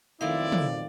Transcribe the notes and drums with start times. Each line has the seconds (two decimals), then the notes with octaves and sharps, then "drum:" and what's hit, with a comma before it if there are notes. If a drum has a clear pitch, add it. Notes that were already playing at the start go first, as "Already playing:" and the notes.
0.21 B1 F2 D#3 A3 E4 D5 F5 C6
0.52 drum: tom